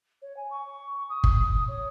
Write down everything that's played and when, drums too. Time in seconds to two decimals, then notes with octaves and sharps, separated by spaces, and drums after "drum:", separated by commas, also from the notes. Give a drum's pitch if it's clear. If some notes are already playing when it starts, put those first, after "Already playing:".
0.22 C#5
0.37 G#5
0.51 C#6
1.09 D#6
1.24 drum: kick G1
1.68 C#5